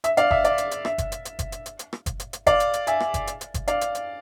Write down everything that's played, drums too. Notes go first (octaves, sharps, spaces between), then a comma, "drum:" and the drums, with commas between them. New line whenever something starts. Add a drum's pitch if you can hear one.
E5, drum: hi-hat
D5 F5, drum: hi-hat
E5, drum: kick F#1
D5, drum: hi-hat
drum: hi-hat
drum: hi-hat
E5, drum: rim click
drum: kick F#1, hi-hat
drum: hi-hat
drum: hi-hat
drum: kick F#1, hi-hat
drum: hi-hat
drum: hi-hat
drum: hi-hat
drum: rim click
drum: kick F#1, hi-hat
drum: hi-hat
drum: hi-hat
D5 F5, drum: kick F#1, hi-hat
drum: hi-hat
drum: hi-hat
E5 G#5, drum: hi-hat
drum: rim click
drum: kick F#1, hi-hat
drum: hi-hat
drum: hi-hat
drum: kick F#1, hi-hat
D5 F5, drum: hi-hat
drum: hi-hat
drum: hi-hat